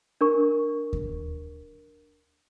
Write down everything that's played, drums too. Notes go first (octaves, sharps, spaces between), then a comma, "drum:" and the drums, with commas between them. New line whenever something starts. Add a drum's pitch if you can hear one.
D4 A#4 C#6
drum: kick D#2